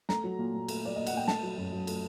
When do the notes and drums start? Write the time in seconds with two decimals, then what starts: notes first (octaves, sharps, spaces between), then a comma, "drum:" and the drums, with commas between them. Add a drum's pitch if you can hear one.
0.09 A3 A#5, drum: snare
0.24 F#3
0.39 A#2
0.54 A#2
0.68 A3, drum: cymbal
0.84 F#3 D5
0.96 A#2 D#5
1.07 F#5, drum: cymbal
1.13 A#2 G5
1.28 A3 A5, drum: snare
1.43 F#3
1.58 F#2
1.72 F#2
1.87 A3, drum: cymbal